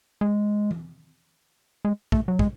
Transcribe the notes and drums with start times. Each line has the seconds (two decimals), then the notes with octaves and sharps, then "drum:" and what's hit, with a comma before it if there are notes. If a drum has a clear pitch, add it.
0.21 G#3
0.71 drum: tom E3
1.85 G#3
2.12 A3, drum: kick
2.28 F#3
2.39 G#3, drum: kick